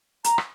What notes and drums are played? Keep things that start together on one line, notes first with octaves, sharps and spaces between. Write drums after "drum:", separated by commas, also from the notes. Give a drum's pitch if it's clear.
A#5, drum: hi-hat
drum: rim click